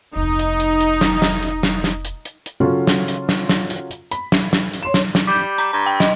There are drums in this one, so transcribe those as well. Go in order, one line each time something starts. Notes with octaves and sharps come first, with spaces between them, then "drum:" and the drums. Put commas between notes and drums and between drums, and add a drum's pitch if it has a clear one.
F1 D2 D#4
drum: hi-hat
drum: hi-hat
drum: hi-hat
drum: snare
drum: snare
drum: hi-hat
drum: snare
drum: snare
drum: hi-hat
drum: hi-hat
drum: hi-hat
C#3 F#3 C#4 F4 F#4 A4
drum: snare
drum: hi-hat
drum: snare
drum: snare
drum: hi-hat
drum: hi-hat
B5, drum: hi-hat
drum: snare
drum: snare
drum: hi-hat
C#5 C6 E7
drum: snare
drum: snare
G3 D6 G6
A#5 D6 G6, drum: hi-hat
G2 A#5
G5
D#5, drum: snare